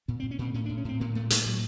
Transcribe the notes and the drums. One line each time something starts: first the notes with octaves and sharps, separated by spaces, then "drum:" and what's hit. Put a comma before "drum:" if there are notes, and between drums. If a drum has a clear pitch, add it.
A#2 B3
C4
A#2
C#4
A#2 C4
A2 C#4
D4
A2
C#4
A2 C4
A2 A#3
A2 A3
A2 G#3, drum: hi-hat
A#2 F#3